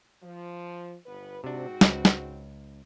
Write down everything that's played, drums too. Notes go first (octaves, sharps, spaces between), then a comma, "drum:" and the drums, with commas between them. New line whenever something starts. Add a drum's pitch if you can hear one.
F3
G1 B3 B4
G#2 C3 C4 D4 F#4
C#2, drum: snare
drum: snare